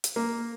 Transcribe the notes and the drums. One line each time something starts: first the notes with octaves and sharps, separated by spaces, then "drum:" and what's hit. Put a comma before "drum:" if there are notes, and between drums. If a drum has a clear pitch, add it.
drum: hi-hat
A#3